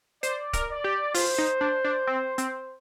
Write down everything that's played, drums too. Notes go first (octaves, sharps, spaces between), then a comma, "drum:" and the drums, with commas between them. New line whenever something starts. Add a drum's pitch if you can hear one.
C5 D5, drum: hi-hat
A#4, drum: kick, hi-hat
D5
G4
F4 C5, drum: open hi-hat
D#4
D4
D4
C4
C4, drum: hi-hat